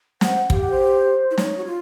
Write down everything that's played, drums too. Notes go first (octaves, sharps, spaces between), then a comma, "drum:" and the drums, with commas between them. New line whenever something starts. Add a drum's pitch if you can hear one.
C5 F#5, drum: snare
G4 F5, drum: kick
F#5
C5
E4
D#4 C#5, drum: snare
F#4
F4